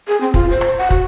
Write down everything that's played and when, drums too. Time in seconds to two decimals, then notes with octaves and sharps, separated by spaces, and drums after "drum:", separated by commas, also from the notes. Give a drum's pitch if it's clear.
0.08 G#4
0.21 C4
0.34 F4, drum: kick
0.50 C5
0.61 drum: rim click
0.78 F#5
0.90 F#4, drum: kick